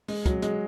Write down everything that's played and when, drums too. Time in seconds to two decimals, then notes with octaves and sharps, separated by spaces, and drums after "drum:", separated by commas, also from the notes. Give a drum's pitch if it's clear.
0.08 G#3, drum: open hi-hat
0.26 F#3, drum: kick, hi-hat
0.42 G#3, drum: hi-hat